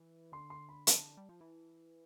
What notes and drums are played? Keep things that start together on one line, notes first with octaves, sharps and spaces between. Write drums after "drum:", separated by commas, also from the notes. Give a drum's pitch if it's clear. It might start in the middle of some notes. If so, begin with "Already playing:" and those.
Already playing: E3
D3 C6
C6
B5
A5, drum: hi-hat
G3
F3
E3